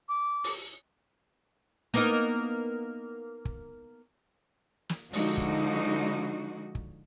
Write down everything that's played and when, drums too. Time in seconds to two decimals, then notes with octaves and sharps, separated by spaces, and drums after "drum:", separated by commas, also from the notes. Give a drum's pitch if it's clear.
0.09 D6
0.44 drum: open hi-hat
1.94 A#3 B3 D#4
3.45 drum: kick
4.89 drum: snare
5.13 D3 F3 G#3 D#4 F#4, drum: open hi-hat
5.37 drum: kick
6.75 drum: kick